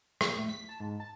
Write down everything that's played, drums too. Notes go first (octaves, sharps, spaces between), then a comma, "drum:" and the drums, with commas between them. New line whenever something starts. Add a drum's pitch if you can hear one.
A#2, drum: rim click
A2
B6
A5
G#2
A5